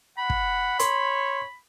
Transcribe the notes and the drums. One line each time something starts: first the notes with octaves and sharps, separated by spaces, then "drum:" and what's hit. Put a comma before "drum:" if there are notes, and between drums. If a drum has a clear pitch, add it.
F#5 B5
drum: kick
C#5 C6, drum: hi-hat